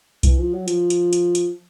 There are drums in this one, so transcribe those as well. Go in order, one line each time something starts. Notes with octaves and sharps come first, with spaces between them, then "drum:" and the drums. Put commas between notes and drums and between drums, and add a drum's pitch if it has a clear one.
E3, drum: kick C2, hi-hat
F3
F#3
F3, drum: hi-hat
drum: hi-hat
drum: hi-hat
drum: hi-hat